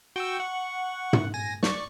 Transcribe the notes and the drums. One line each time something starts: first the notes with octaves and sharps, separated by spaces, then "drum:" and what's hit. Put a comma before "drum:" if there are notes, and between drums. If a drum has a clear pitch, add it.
F#4 G5 C#6 E6
F#5 C#6
drum: tom
G#5 A#6
D5 C#6, drum: snare